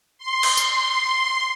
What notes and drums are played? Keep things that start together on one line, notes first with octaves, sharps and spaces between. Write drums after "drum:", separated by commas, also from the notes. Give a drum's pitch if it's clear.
C6
drum: cymbal
drum: tambourine